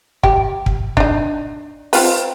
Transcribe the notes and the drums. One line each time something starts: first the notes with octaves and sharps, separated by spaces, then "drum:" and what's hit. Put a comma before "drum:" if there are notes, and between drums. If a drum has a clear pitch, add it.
G4, drum: kick
drum: kick
D4 D#4, drum: kick
C4 F4 B4, drum: open hi-hat